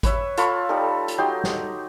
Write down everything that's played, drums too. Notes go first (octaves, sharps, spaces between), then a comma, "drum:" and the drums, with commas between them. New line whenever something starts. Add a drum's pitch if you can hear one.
B4 C#5 E5, drum: kick G#1, hi-hat
F4 A4 B5 C#6, drum: hi-hat
G3 D#4 A4
drum: hi-hat
F#3 D#4 G4 C6
drum: snare